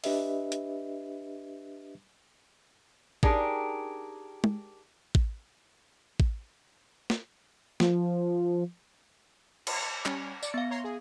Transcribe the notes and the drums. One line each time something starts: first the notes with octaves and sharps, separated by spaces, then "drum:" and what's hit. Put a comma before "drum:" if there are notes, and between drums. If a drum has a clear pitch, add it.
D4 G4 B4 D#5 E5, drum: open hi-hat
drum: hi-hat
D4 D#4 G4 G#4 A#4, drum: kick A1
drum: tom G#3
drum: kick A1
drum: kick A1
drum: snare
F3, drum: snare
drum: cymbal
G3 C#4, drum: clap
D5 C#7, drum: tambourine
B3 F5
C#5 A#5 C6
G#4